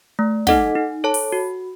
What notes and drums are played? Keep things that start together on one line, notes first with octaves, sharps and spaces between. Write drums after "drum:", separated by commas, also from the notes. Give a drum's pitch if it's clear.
A3
D#4 A4 D#5 F#5, drum: snare
D#4
A4 C#5 A5
drum: open hi-hat
F#4